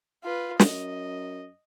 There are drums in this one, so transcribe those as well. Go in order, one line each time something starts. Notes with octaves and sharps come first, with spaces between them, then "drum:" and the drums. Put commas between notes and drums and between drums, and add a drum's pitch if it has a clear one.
F4 B4
F#2 D#5, drum: snare